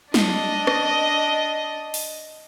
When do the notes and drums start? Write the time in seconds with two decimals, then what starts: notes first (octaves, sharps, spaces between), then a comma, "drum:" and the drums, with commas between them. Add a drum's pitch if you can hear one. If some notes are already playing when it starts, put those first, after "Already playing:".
0.14 D4 D#5, drum: snare
0.67 drum: rim click
1.94 drum: open hi-hat